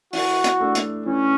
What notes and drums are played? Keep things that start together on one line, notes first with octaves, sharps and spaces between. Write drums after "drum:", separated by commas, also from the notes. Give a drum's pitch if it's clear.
E3 F#4, drum: open hi-hat
drum: hi-hat
A3 D4
drum: hi-hat
E3 C#4